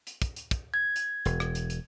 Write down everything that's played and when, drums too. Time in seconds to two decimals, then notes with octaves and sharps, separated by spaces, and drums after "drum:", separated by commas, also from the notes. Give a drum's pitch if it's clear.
0.07 drum: hi-hat
0.22 drum: kick, hi-hat
0.36 drum: hi-hat
0.51 drum: kick, hi-hat
0.74 G#6
0.96 drum: hi-hat
1.25 E1, drum: hi-hat
1.40 drum: rim click
1.55 drum: hi-hat
1.70 drum: hi-hat